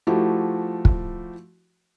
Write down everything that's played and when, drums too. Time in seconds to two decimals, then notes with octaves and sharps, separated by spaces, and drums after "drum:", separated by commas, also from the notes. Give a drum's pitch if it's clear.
0.07 F3 A3 E4 F#4 G4
0.85 drum: kick